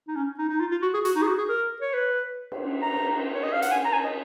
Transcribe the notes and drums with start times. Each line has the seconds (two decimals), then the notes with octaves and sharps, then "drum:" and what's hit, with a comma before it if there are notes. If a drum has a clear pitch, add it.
0.08 D#4
0.16 C#4
0.38 D#4
0.50 D#4
0.60 F4
0.71 F4
0.82 F#4
0.94 G#4
1.05 F#4, drum: hi-hat
1.16 D#4
1.23 G#4
1.27 F#4
1.38 G#4
1.49 A#4
1.81 C#5
1.94 B4
2.52 drum: cymbal
2.82 A#5
2.96 drum: cymbal
3.34 C#5
3.43 D#5
3.53 F5
3.62 F#5, drum: hi-hat
3.72 G#5
3.85 A#5
3.93 G#5
4.04 D#5